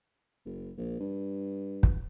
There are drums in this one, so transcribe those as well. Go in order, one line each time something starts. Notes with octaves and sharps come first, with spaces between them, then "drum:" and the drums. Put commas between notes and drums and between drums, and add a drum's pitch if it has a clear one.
F#1
A#1
G2
drum: kick